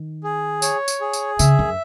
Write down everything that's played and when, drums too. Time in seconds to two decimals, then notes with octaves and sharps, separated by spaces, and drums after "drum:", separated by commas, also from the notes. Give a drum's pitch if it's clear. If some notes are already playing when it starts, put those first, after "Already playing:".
Already playing: D#3
0.24 G#4
0.62 C#5, drum: tambourine
0.88 drum: tambourine
1.01 G#4
1.14 drum: tambourine
1.39 C#3 E5, drum: tambourine
1.59 F#2